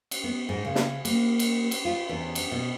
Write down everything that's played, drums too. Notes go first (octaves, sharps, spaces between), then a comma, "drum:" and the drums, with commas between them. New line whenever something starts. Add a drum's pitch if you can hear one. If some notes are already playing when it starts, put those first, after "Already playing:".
drum: cymbal
B3
G#2
C#3
drum: snare
A#3, drum: cymbal
drum: cymbal
drum: cymbal
F4
E2
drum: cymbal
B2